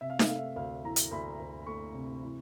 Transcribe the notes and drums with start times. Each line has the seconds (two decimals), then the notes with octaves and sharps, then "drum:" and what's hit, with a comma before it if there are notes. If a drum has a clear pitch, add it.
0.01 C3 E5
0.10 F5
0.19 E5, drum: snare D#4
0.28 A3 F5
0.36 E5
0.56 D2 F5
0.84 E3 A#5
0.96 drum: hi-hat
1.11 D2 B5
1.40 D2
1.67 A3 C#6
1.94 C3
2.22 E3